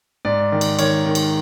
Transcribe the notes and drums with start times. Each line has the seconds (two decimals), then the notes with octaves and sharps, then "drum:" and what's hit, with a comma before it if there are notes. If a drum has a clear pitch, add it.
0.25 G#2 D5
0.52 D#3
0.61 drum: cymbal
0.79 D#3 C#5, drum: cymbal
1.06 D#3
1.15 drum: cymbal